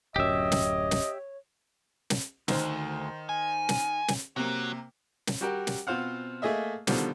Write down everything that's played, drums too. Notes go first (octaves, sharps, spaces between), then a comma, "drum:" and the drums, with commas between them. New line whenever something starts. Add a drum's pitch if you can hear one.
D1 F#2 G4 C#5 D#5 E5
drum: snare
drum: snare
drum: snare
D2 D#3 C5, drum: snare
G#5
drum: snare
drum: snare
C3 A#3 F#4 C#5
drum: snare
G3 F#4 G4 A#4
drum: snare
B2 C4 F4 C5 F5 F#5
A3 A#3 G#4 D#5 E5
B2 D3 D#3 F3 G3, drum: snare